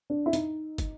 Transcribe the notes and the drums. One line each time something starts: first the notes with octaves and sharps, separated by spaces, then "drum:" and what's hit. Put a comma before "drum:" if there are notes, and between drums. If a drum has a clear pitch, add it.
D4
E4
D#4, drum: hi-hat
drum: kick, hi-hat